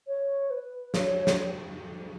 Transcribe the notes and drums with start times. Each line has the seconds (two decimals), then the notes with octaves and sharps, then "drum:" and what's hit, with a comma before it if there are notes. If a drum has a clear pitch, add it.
0.08 C#5
0.50 B4
0.94 C#5, drum: snare
1.27 drum: snare